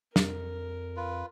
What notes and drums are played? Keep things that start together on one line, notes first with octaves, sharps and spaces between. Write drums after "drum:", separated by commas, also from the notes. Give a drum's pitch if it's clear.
F2 A#4, drum: snare
F4 B4